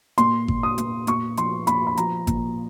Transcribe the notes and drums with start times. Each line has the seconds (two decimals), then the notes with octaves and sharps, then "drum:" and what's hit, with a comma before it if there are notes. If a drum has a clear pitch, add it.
0.18 A#2 C6, drum: hi-hat
0.48 A#2, drum: kick G#1
0.63 D#6
0.78 A#2, drum: hi-hat
1.07 A#2 C#6, drum: hi-hat
1.37 F3 C6, drum: hi-hat
1.67 A#2 B5, drum: hi-hat
1.87 B5
1.97 F3 A#5, drum: hi-hat
2.27 A#2, drum: kick G#1, hi-hat